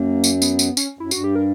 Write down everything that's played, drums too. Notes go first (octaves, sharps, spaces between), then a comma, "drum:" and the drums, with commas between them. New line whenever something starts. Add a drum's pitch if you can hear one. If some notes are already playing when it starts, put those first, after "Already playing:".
Already playing: F#2 A#3
drum: tambourine
B3, drum: tambourine
drum: tambourine
C#4, drum: tambourine
F#2 E4
G2 F#4, drum: tambourine
G4
A#4